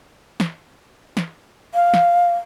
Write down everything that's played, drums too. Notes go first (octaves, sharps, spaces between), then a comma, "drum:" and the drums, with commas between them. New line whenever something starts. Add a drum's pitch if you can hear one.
drum: snare
drum: snare
F5
drum: snare